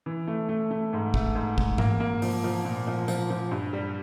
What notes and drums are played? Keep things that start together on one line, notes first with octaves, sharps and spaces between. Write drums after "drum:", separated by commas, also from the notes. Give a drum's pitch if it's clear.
E3
A3
A3
A3
G#2
A3, drum: kick
G#2
G#2, drum: kick
A#3, drum: tom G#2
A#3
F3, drum: open hi-hat
F3
A#2
F3
F3, drum: tambourine
F3
G2
G3